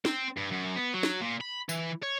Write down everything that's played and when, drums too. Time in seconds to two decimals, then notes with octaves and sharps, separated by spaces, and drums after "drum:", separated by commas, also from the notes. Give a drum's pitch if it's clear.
0.05 C4, drum: snare
0.37 G2
0.51 F#2
0.76 B3
0.94 F#3
1.03 drum: snare
1.21 A#2
1.41 B5
1.69 E3, drum: tambourine
2.03 C#5